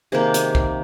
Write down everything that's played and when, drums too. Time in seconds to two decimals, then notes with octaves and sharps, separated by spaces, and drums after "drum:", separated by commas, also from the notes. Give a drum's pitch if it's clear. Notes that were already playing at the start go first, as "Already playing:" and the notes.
0.12 C3 D#3 A#3 G#4
0.34 G#4, drum: hi-hat
0.55 drum: kick